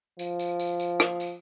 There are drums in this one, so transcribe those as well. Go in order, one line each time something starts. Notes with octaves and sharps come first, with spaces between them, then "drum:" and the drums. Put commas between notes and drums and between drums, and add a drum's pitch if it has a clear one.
F3, drum: tambourine
drum: tambourine
drum: tambourine
drum: tambourine
drum: rim click
drum: tambourine